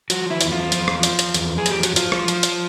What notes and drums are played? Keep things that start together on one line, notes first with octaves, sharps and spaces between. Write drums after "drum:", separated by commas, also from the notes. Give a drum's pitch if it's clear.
F3 F#4, drum: hi-hat
E4
E2, drum: hi-hat
F4
F3, drum: hi-hat
drum: rim click
F3, drum: hi-hat
drum: hi-hat
E2, drum: hi-hat
G#4
F3 G4, drum: hi-hat
F#4, drum: hi-hat
F3 F4, drum: hi-hat
drum: rim click
F3, drum: hi-hat
drum: hi-hat